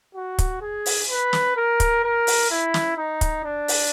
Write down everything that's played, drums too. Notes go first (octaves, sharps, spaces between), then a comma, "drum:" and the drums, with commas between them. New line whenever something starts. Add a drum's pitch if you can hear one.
F#4
drum: kick, hi-hat
G#4
drum: open hi-hat
B4
drum: snare
A#4
drum: kick, hi-hat
A#4
drum: open hi-hat
E4
drum: snare
D#4
drum: kick, hi-hat
D4
drum: open hi-hat